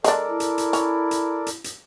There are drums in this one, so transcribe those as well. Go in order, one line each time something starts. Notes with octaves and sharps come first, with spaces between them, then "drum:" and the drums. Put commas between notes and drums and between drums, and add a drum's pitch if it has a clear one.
G#3 D4 A4 A#4 D5, drum: hi-hat
E4
drum: hi-hat
drum: hi-hat
C#4, drum: hi-hat
drum: hi-hat
drum: hi-hat
drum: hi-hat